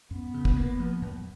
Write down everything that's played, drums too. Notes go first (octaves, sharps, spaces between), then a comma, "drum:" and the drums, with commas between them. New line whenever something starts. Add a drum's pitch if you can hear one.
F#2 B3
C#3
drum: kick
A#3
F3
F#2